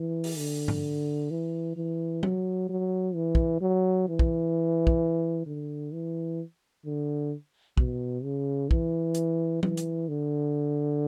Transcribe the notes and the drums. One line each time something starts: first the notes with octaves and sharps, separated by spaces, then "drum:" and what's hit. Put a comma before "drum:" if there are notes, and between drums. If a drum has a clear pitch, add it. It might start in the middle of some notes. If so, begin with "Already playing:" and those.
Already playing: E3
drum: open hi-hat
D3
drum: tom G#2
E3
E3
F#3, drum: tom
F#3
E3
drum: kick
F#3
E3
drum: kick
drum: kick
D3
E3
D3
B2, drum: kick
C#3
E3, drum: kick
drum: hi-hat
E3, drum: tom
drum: hi-hat
D3